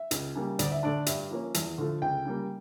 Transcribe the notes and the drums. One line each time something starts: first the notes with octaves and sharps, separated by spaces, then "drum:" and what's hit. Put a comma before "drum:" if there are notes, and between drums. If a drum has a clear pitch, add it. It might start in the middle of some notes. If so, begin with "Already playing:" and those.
Already playing: E5
C#2, drum: hi-hat
C#3 G3 A#3
D2 D5, drum: hi-hat
E5
D3 A3 D4 D5
G2 E5, drum: hi-hat
F3 A#3 C#4
E2, drum: hi-hat
D3 F3 A3
C#2 G5
C#3 G3 A#3